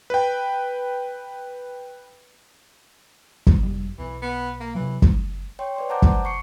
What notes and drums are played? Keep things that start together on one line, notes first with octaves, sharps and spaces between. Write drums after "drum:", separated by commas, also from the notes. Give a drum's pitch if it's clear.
B4 G5
drum: kick
F1 G3
B1 E3
B3
A#3
C3 E3 F#3
drum: kick
C#5 G5 C6
B4 D5 C6
C5 F#5 A5 A#5 D6 G6
drum: kick
C#6 C7 C#7